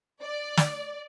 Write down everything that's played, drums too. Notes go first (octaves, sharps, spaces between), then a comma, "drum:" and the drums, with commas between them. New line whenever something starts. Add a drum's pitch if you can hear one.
D5
drum: snare